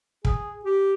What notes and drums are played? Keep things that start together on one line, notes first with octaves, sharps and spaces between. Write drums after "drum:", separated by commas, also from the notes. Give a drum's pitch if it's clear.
G#4, drum: kick
G4